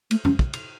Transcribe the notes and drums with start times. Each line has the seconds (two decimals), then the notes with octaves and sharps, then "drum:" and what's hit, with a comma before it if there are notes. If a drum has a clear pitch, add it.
0.11 A3, drum: cymbal
0.25 C#4, drum: tom F2
0.39 drum: kick
0.53 drum: cymbal